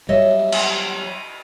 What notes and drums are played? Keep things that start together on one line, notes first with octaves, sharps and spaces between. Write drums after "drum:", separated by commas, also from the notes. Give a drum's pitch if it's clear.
F#3 G3 C#5 D#5 E5
drum: cymbal